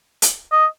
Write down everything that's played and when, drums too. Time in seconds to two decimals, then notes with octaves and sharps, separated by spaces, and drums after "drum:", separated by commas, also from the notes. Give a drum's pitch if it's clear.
0.22 drum: hi-hat
0.52 D#5